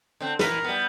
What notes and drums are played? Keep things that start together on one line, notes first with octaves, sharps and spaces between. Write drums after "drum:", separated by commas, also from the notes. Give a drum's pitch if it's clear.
D3 C4
E3 A#4 B4, drum: snare
G3 B3